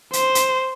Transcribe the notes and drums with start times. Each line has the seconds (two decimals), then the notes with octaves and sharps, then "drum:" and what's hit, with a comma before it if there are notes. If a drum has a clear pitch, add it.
0.13 C5, drum: hi-hat
0.35 drum: hi-hat